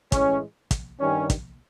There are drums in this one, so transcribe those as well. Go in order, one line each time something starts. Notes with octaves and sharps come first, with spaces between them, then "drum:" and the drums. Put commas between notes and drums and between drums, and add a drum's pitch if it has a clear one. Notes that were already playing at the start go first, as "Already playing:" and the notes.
A2 E3 G#3 C#4, drum: kick, hi-hat
drum: kick, hi-hat
G2 D#3 G3 C#4
drum: kick, hi-hat